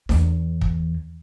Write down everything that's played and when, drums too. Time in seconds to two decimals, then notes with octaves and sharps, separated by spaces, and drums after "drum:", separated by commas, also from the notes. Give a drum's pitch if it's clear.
0.09 E2, drum: snare D4
0.61 drum: kick